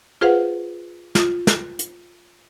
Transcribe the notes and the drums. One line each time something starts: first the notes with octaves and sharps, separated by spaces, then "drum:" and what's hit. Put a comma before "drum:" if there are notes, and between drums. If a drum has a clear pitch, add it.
F4 G#4 B4 C5 F5 F#5
F4 D#6, drum: snare
F#6, drum: snare
drum: hi-hat